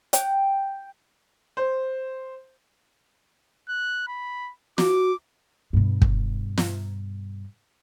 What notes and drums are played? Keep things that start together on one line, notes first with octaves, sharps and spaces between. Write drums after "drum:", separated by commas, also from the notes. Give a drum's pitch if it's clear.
G5, drum: hi-hat
C5
F#6
B5
F#4 D6, drum: snare
G2 B2
drum: kick
drum: snare